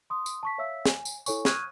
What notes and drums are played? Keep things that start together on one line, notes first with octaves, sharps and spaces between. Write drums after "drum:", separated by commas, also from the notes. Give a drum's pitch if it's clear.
C6 D#6
drum: tambourine
A5 C#6 B6
C#5 E5 F5 E6 B6
G#5, drum: snare
drum: tambourine
E4 A4 C#5 G#5 C#6, drum: tambourine
C#6 D#6 F6 F#6 G#6 D#7, drum: snare